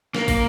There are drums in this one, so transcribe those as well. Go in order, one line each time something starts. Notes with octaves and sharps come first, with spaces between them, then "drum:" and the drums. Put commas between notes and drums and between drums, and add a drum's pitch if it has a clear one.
A#3, drum: snare
drum: kick, open hi-hat